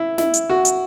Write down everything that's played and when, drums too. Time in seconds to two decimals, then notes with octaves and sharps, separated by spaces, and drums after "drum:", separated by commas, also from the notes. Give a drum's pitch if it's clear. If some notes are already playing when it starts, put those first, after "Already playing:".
Already playing: E4
0.18 E4, drum: snare
0.34 drum: hi-hat
0.50 F#4
0.65 drum: hi-hat